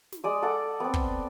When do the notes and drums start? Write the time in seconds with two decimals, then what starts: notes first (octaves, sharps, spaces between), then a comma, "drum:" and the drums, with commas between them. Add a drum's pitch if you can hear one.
0.12 drum: snare
0.24 G#3 D5 D#6
0.42 A4 F#5 D6
0.80 B3 C4
0.94 drum: kick